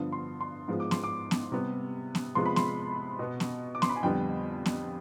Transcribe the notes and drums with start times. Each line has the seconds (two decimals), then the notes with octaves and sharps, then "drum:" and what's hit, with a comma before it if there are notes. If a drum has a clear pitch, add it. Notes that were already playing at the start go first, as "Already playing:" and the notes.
Already playing: G2 D3 F3 B3
0.12 C6
0.41 C6
0.68 G#2 F3 G#3 B3
0.80 D6
0.91 C6, drum: snare B3
1.04 D6
1.31 drum: snare B3
1.52 C3 G3 B3
2.15 drum: snare B3
2.35 C3 F3 G#3 B3 C6
2.46 B5
2.56 C6, drum: snare B3
3.19 B2 B3
3.40 drum: snare B3
3.75 D6
3.82 C6, drum: snare B3
3.89 B5
3.96 G#5
4.03 F2 D3 G3 B3 G5
4.66 drum: snare B3